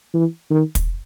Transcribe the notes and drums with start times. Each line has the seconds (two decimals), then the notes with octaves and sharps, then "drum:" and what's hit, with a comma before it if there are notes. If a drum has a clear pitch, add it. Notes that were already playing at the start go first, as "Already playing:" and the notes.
0.14 E3
0.50 D#3
0.75 drum: kick, hi-hat